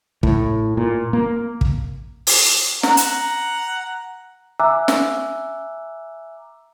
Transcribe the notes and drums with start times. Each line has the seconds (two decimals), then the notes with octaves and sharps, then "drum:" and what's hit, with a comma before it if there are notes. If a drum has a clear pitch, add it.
0.23 A2, drum: kick
0.77 A#2
1.13 A#3
1.61 drum: kick
2.27 drum: open hi-hat
2.83 F#5 A#5, drum: snare
2.97 drum: hi-hat
4.60 E5 G#5 A#5 D6 E6 F#6
4.88 drum: snare